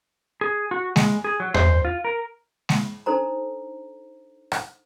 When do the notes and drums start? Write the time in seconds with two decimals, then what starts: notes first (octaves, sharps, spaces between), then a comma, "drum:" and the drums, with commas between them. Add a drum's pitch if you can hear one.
0.41 G#4
0.71 F#4
0.96 G#3, drum: snare G#3
1.24 G#4
1.40 F#3
1.54 C5, drum: tom E2
1.85 F4
2.04 A#4
2.69 drum: snare G#3
3.06 D4 D#4 A4 C5 A#5
4.52 drum: rim click